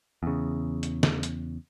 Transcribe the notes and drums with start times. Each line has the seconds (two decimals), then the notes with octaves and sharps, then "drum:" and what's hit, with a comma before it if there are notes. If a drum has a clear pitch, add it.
0.23 E2 C#3
0.83 drum: hi-hat
1.03 drum: snare
1.23 drum: hi-hat